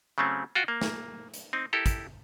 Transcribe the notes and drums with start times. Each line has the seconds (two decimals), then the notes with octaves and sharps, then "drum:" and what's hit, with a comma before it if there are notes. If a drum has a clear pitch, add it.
0.18 C#3 F#3 A3 C4 C#4
0.55 F4 F#4 G5
0.68 A#3
0.82 drum: snare
1.34 drum: hi-hat
1.53 C4 D#4
1.73 E4 G4 A4 A#4
1.86 drum: kick, hi-hat